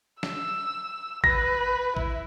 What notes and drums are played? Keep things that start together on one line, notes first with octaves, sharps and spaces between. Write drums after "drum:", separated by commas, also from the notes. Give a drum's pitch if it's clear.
E6, drum: snare
B4 A#6, drum: kick
E4, drum: kick